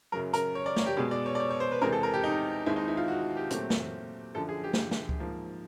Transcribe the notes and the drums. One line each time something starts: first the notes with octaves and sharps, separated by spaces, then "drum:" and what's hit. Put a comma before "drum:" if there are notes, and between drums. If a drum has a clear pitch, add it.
F#2 C#3 F#3 A#4
A#4, drum: hi-hat
C#5
D5
C#5, drum: snare
G4
B2 G#3 B3 G#4
D5
C#5
D5
C#5
C#5
C5
B4
E2 C3 E3 G#3 C4 A#4
A4
A#4
G4
D#4
D#2 D#3 G#3 C4 E4
D#4
E4
F4
F#4
G4
A#2 F#3 A3 C4, drum: hi-hat
drum: snare
F#2 D3 F3 A4
G#4
G4
drum: snare
drum: snare
drum: kick C#2
G#2 F3 A#3